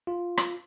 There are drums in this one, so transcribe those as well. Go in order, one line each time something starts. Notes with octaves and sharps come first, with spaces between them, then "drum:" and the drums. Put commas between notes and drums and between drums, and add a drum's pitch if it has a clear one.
F4
drum: rim click